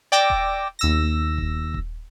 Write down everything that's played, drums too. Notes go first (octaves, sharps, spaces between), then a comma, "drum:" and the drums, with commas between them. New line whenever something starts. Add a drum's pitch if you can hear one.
D5 G5 D6 E6 A#6
drum: kick D#1
D#2 E6 A#6
drum: kick D#1
drum: kick D#1